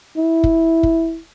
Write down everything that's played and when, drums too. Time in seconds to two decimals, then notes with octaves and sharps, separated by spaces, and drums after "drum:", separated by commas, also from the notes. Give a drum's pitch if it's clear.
0.17 E4
0.44 drum: kick
0.83 drum: kick